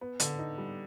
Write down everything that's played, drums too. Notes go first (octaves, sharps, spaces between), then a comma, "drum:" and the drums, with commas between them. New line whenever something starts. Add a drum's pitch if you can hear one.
B3
D3, drum: hi-hat
D#4
G3